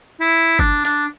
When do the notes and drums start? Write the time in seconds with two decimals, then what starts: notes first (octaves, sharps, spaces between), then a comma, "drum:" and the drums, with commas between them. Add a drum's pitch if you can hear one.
0.20 E4
0.59 D4, drum: kick
0.85 D4, drum: hi-hat